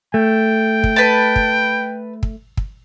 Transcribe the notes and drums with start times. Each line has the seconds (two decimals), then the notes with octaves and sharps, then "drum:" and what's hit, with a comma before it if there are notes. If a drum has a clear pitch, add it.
0.14 A3 G5
0.84 drum: kick
0.96 B4 A5
1.36 drum: kick
2.23 drum: kick
2.57 drum: kick